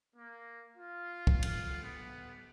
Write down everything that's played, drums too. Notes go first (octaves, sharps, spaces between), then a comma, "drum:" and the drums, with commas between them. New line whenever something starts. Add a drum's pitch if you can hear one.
A#3
F4
drum: kick
drum: cymbal
B3